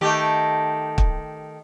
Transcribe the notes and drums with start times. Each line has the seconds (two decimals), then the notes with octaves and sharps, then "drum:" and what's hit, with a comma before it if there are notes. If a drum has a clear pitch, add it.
0.01 D#3 A3 G4
0.98 drum: kick